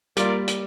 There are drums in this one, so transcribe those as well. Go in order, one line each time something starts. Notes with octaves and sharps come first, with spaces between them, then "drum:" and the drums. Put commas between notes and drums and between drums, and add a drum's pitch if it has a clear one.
G3 A#3 F4 A#4 D5, drum: hi-hat
drum: hi-hat